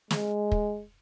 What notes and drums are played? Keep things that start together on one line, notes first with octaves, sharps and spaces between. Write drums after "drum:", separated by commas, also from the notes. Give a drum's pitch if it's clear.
G#3, drum: snare
drum: kick